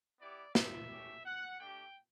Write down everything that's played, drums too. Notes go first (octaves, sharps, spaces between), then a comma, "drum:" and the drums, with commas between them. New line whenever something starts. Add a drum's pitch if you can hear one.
B3 E4 G4 D5
E5, drum: snare
A3 C#4 G4
F#5
A3 D4 G4 G5